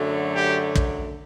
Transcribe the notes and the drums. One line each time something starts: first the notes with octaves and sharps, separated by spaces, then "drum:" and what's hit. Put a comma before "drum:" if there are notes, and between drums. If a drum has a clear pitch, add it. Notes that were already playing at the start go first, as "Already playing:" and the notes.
Already playing: F#2 D3 F#3 A3
G4
drum: kick